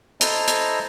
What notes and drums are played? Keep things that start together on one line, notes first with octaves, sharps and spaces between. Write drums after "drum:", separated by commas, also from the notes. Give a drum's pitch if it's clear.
E4 A4 C5 D#5 A5 A#5, drum: hi-hat
drum: hi-hat